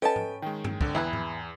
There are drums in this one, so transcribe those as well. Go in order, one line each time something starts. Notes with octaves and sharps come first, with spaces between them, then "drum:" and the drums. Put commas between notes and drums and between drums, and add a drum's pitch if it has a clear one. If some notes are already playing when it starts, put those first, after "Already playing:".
C#4 A4 B4 D#5 G5 A5
drum: tom G#2
D#3 G#3 G5
drum: tom G2
G#1 D3, drum: kick
E2 E4 G#4 B4
drum: tom G#2